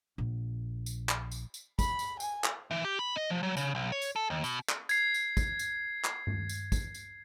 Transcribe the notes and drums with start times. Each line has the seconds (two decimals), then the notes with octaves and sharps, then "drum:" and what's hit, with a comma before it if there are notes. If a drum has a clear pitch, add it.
0.18 A#1
0.86 drum: tambourine
1.09 drum: clap
1.31 drum: tambourine
1.54 drum: tambourine
1.79 B5, drum: kick, tambourine
1.99 drum: tambourine
2.20 G#5, drum: tambourine
2.44 drum: clap
2.71 E3
2.84 G4
2.99 B5
3.16 D#5
3.30 F3
3.43 F#3
3.57 C#3, drum: tambourine
3.75 B1
3.92 C#5
4.02 drum: tambourine
4.16 A4
4.30 D#2
4.44 B2, drum: tambourine
4.69 drum: clap
4.89 G#6 C7, drum: tambourine
5.14 drum: tambourine
5.37 drum: kick, tambourine
5.59 drum: tambourine
6.04 drum: clap
6.27 drum: tom G2
6.49 drum: tambourine
6.72 drum: kick, tambourine
6.94 drum: tambourine